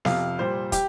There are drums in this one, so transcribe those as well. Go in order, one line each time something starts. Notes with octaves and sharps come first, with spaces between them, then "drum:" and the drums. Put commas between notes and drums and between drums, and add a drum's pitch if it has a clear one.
F2 C3 F3 F5, drum: snare B3
A#2 G3 C5
G4, drum: kick, hi-hat